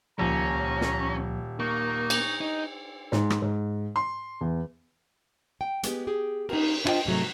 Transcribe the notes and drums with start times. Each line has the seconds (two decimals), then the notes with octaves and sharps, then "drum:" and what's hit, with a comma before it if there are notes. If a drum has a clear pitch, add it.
0.19 D#1 C#2 A#2 F3 C#4 A#5
0.81 drum: snare
1.60 A#3 D#4 C#6
2.10 drum: cymbal
2.41 D#4
3.12 G#2, drum: snare
3.30 drum: rim click
3.42 G#2
3.96 C6
4.41 E2
5.61 G5
5.83 G#3 B3 G4, drum: hi-hat
6.07 G4 G#4
6.49 D#4 A#4, drum: cymbal
6.85 D4 E4 F4 C5 D#5 G5
7.05 G#2 C3 F#3 A3